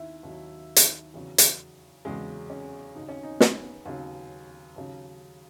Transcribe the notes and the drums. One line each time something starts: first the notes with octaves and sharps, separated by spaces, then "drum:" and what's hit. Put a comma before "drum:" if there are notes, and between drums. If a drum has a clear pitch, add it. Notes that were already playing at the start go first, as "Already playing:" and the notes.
Already playing: D#2 D#3 E4
D#2 D#3 F#3
drum: hi-hat
E2 C#3 F#3
drum: hi-hat
E2 C#3 F#3 G#3
C#4
D#2 C#3 F#3 D#4
C#4
D#4
B3, drum: snare
D#2 C#3 F#3
D#2 C#3 F#3